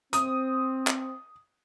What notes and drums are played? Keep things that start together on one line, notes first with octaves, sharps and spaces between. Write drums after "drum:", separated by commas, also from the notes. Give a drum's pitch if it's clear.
C4 D#6, drum: hi-hat
drum: clap